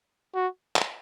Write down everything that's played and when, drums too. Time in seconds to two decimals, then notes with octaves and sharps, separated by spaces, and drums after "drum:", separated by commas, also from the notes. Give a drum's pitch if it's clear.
0.34 F#4
0.76 drum: clap